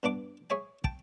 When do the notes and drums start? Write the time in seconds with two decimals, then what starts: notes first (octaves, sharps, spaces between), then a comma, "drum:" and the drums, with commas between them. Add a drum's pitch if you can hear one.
0.03 G2 B3 D4 D6
0.50 G#4 C#5 E5 G#5
0.84 G5 A5, drum: kick